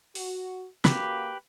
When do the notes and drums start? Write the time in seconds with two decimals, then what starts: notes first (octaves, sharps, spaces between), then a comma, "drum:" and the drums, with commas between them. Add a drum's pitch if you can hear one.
0.15 F#4, drum: open hi-hat
0.85 C#3 A#3 F#4 G4 B4, drum: snare